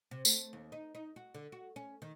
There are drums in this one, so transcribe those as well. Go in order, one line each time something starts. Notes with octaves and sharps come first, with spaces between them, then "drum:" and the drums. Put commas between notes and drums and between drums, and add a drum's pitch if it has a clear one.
C3
A3, drum: tambourine
D#2
D#4
D#4
F#4
D3
F#4
C#4
D#3